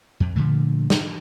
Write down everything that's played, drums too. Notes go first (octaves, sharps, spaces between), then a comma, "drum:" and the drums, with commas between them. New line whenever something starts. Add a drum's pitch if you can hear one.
F2
A#2 D3 F3 A3
drum: snare